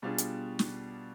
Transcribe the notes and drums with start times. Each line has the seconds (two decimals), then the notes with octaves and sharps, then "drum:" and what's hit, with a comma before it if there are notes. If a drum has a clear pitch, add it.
0.02 B2 G3 D4 F4 G#4
0.18 drum: hi-hat
0.59 drum: snare